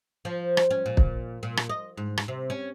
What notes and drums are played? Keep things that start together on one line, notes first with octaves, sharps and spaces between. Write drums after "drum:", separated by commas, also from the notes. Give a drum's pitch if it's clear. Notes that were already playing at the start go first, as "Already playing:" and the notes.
F3
drum: rim click
C#4
A#2
drum: kick
A#2
drum: rim click
D#5
G#2
drum: rim click
C3
C#4